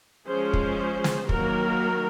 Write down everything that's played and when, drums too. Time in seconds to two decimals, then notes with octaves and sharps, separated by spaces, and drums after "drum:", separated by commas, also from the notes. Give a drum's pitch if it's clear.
0.28 F3 G#3 C#4 G#4 C5
0.53 drum: kick
1.04 drum: snare
1.29 D#3 F#3 A#3 F#4 A#4, drum: kick